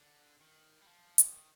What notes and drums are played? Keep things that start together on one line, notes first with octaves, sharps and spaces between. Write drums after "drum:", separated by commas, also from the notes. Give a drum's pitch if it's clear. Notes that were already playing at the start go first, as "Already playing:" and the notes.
Already playing: D3
D#3
G3
F3
D#3, drum: hi-hat